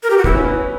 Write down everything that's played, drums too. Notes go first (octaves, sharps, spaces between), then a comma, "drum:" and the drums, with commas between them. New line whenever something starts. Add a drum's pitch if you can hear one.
A#4
G4
F#4
B3 E4, drum: kick
C#4
B3